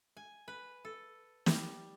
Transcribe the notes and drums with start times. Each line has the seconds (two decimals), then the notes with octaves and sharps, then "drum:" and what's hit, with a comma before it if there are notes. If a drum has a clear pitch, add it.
0.17 G#5
0.48 B4
0.85 A4
1.46 G3, drum: snare